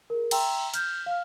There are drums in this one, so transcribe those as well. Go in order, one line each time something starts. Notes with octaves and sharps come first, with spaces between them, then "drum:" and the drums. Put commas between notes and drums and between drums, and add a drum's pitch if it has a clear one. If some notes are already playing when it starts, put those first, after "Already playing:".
G#4 A#4
E5 G5 A#5 C6 E6, drum: cymbal
F6 G6, drum: hi-hat
F5 F6